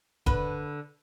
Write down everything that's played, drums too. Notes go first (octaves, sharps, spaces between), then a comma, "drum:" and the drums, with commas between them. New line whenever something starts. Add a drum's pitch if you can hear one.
D3 B4, drum: kick E1